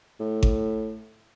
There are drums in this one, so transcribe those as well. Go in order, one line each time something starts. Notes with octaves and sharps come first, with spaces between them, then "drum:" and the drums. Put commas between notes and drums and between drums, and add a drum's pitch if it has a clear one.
A2
drum: kick G#1